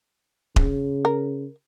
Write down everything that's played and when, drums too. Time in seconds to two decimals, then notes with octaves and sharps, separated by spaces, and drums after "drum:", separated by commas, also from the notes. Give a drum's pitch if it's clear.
0.56 C#3, drum: kick D#1
1.05 A#4